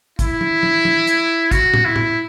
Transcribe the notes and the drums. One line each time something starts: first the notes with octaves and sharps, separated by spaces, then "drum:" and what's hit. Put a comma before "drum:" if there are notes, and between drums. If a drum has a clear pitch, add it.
E4, drum: kick, hi-hat
drum: tom
drum: tom
drum: tom
drum: hi-hat
F#4, drum: kick, hi-hat
drum: tom
E4
drum: tom